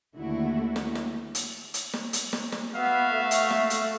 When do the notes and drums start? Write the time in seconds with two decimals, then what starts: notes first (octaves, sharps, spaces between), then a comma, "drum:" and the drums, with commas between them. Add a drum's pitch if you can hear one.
0.15 D#2 D3 A3 E4 F#4
0.76 drum: snare
0.95 drum: snare
1.35 drum: hi-hat
1.74 drum: hi-hat
1.93 drum: snare
2.13 drum: hi-hat
2.33 drum: snare
2.52 drum: snare
2.75 B3 F#4 E5 F5
3.11 A3
3.31 drum: hi-hat
3.50 drum: snare
3.70 drum: hi-hat